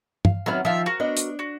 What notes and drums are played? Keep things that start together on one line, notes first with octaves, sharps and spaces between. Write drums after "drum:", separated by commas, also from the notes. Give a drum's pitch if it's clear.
F5, drum: tom G2
D#3 F#3 B3 C4 E5 B5 F6
D#3 F3 E5 F5 G5
F#4 A#4
B3 D4 D#5
drum: hi-hat
F#4